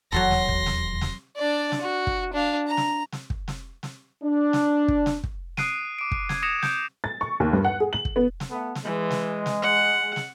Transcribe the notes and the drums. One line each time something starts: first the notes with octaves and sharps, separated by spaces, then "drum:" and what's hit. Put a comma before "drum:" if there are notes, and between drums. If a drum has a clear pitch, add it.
D#1 E2 F#3 F#4 A4 C6 A#6
drum: snare
drum: kick
drum: snare
drum: snare
D4 D5
drum: snare
F#4
drum: kick
D4 F5
A#5
drum: snare
drum: snare
drum: kick
drum: snare
drum: snare
D4
drum: snare
drum: kick
drum: snare
drum: kick
D#6 F#6 C7 D7 D#7, drum: snare
D6 D7
drum: kick
G#6, drum: snare
D#6 G#6 A#6 C#7 E7 F7
G6 D7, drum: snare
A6
C#6
D#2
G2
F#5
G#4
F#7
drum: kick
B3
drum: snare
A3 B3 A4
drum: snare
E3 G#3
drum: snare
drum: snare
F#5
drum: snare